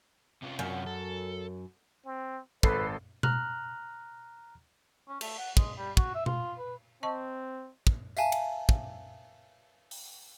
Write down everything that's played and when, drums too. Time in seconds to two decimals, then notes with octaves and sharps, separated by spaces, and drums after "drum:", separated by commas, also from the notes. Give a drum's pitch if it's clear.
0.42 C3 C#4 F4
0.59 F#2
0.87 A4
2.06 C4
2.63 G#1 A4 B4 C7, drum: kick
3.23 A#5 F6 F#6, drum: tom B2
5.08 C#4
5.21 A3, drum: cymbal
5.38 F#5
5.57 G#3, drum: kick
5.78 G3
5.97 F#4, drum: kick
6.15 E5
6.26 F4, drum: tom B2
6.58 B4
7.03 C4 D#5 A5 C#6
7.87 drum: kick
8.17 E5 F5 G#5 A5, drum: tambourine
8.32 drum: cymbal
8.69 drum: kick
9.91 drum: open hi-hat